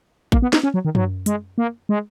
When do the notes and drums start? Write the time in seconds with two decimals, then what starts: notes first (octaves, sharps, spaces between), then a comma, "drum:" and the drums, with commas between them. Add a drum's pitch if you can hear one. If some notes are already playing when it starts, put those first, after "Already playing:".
0.32 A#3, drum: kick A1
0.42 B3
0.53 D#4, drum: snare
0.63 C#4
0.74 F#3
0.85 D#3
0.95 F#3, drum: tom F#2
1.26 G#3, drum: hi-hat
1.58 A#3
1.89 G#3